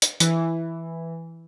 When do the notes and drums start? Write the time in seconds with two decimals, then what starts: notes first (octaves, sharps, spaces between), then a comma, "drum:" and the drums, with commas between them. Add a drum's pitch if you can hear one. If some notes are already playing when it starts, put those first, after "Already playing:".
0.02 drum: hi-hat
0.20 E3, drum: hi-hat